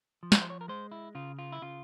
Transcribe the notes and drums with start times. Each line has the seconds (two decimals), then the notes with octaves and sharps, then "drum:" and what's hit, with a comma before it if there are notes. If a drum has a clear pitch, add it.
0.23 F3
0.32 C#5, drum: snare
0.41 C5
0.50 C#5
0.61 A#4
0.68 G#3 C5
0.92 E4
1.15 C#3 F4
1.39 F4
1.52 E4
1.62 C#3 F4